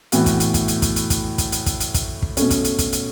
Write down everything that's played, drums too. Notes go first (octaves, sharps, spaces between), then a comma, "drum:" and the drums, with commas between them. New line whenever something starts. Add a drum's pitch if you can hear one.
A2 E3 B3 F#4, drum: hi-hat
drum: kick, hi-hat
drum: hi-hat
drum: kick, hi-hat
drum: hi-hat
drum: kick, hi-hat
drum: hi-hat
drum: kick, hi-hat
drum: kick, hi-hat
drum: hi-hat
drum: kick, hi-hat
drum: hi-hat
drum: kick, hi-hat
drum: kick
B2 A3 C#4, drum: hi-hat
drum: kick, hi-hat
drum: hi-hat
drum: kick, hi-hat
drum: hi-hat